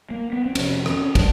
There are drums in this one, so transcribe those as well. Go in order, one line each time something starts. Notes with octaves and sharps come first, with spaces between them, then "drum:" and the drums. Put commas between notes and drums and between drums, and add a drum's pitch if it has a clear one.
A#3
B3
C4
F2 C3 C#4, drum: cymbal
C#4, drum: rim click
D4, drum: kick, cymbal